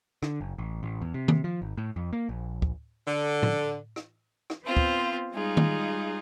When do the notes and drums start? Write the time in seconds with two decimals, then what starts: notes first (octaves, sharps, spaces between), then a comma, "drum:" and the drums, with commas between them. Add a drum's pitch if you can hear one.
0.23 D3, drum: rim click
0.41 F#1
0.58 A1
0.83 A1
1.02 E2
1.14 C3
1.28 drum: tom D#3
1.44 F3
1.62 G#1
1.78 A2
1.96 F2
2.13 A#3
2.29 A#1
2.62 drum: kick
3.07 D3
3.43 drum: tom A2
3.96 drum: rim click
4.50 drum: rim click
4.63 B3 C4 F4 C5
4.77 drum: kick
5.31 G3 G#3 D#4 F4 G#4
5.57 drum: tom D#3